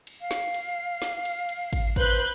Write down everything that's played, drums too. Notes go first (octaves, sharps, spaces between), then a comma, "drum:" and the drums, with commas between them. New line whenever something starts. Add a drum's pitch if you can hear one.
drum: cymbal
F5
drum: snare
drum: cymbal
drum: snare
drum: cymbal
drum: cymbal
drum: kick, cymbal
B4 C5 F#6 G6, drum: kick, cymbal